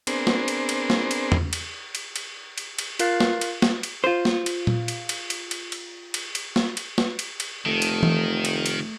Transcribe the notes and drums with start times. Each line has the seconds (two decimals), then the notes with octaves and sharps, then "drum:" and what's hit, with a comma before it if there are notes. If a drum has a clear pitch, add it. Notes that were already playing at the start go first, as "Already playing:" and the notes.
0.07 B3 C4 D4 G#4 A#4 C5, drum: cymbal
0.27 drum: snare
0.48 drum: cymbal
0.69 drum: cymbal
0.90 drum: snare
1.11 drum: cymbal
1.32 drum: tom E2
1.53 drum: cymbal
1.95 drum: cymbal
2.16 drum: cymbal
2.58 drum: cymbal
2.79 drum: cymbal
2.99 F4 A#4 F5 F#6 A6 C7, drum: cymbal
3.20 drum: snare
3.41 drum: cymbal
3.62 drum: snare
3.83 drum: cymbal
4.04 F4 C5
4.25 drum: snare
4.46 drum: cymbal
4.67 drum: tom A#2
4.88 drum: cymbal
5.09 drum: cymbal
5.30 drum: cymbal
5.51 drum: cymbal
5.72 drum: cymbal
6.14 drum: cymbal
6.35 drum: cymbal
6.56 drum: snare
6.77 drum: cymbal
6.98 drum: snare
7.19 drum: cymbal
7.40 drum: cymbal
7.65 F1 D#3 A3
7.82 drum: cymbal
8.03 drum: tom E3
8.45 drum: cymbal
8.66 drum: cymbal